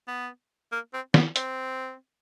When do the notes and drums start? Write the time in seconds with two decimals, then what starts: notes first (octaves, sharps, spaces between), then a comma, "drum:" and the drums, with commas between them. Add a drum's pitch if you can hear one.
0.08 B3
0.72 A#3
0.94 C4
1.14 B3, drum: snare
1.36 C4, drum: hi-hat